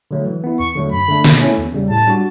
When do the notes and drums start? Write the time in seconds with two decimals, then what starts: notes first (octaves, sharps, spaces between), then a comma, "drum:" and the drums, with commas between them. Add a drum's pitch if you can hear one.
0.11 D3 F#3 A3
0.26 E3
0.44 B3 E4
0.59 E2 C#6
0.75 D3 F#3 A3
0.92 F#2 B5
1.08 D3 A3 D4
1.24 B2, drum: snare
1.41 A3 C#4 E4
1.58 E2
1.74 C#3 G3
1.90 A2 A5
2.07 G3 D4 F#4